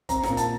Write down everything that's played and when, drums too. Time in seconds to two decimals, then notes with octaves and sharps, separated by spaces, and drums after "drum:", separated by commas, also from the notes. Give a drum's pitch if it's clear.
0.09 C4 A#5, drum: kick G1, hi-hat
0.23 A#5, drum: snare
0.28 A#2
0.37 A5, drum: hi-hat